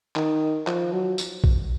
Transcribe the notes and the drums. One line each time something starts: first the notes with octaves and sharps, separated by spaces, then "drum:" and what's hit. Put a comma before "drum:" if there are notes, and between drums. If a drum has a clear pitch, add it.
D#3, drum: clap
F3, drum: clap
F#3
drum: tambourine
drum: kick A#1